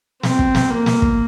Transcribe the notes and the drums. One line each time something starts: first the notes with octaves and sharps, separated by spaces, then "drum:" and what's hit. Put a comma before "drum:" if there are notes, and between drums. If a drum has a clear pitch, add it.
C4, drum: snare
drum: kick
drum: snare
A#3
drum: snare
drum: kick